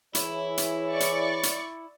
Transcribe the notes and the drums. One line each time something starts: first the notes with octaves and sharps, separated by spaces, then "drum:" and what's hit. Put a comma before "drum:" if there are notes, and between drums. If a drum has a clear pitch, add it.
E3 E4 G#4 C#5, drum: hi-hat
drum: hi-hat
D5 C#6
drum: hi-hat
drum: hi-hat